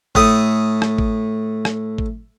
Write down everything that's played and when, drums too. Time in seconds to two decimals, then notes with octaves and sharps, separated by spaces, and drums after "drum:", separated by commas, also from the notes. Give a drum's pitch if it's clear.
0.15 A2 A3 D#6, drum: kick G#1
0.82 drum: rim click
0.98 drum: kick G#1
1.65 drum: rim click
1.98 drum: kick G#1